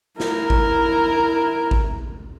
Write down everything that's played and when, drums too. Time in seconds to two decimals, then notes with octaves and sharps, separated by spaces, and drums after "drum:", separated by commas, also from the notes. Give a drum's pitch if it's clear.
0.20 E4 A#4, drum: snare
0.50 drum: kick A1
1.71 drum: kick A1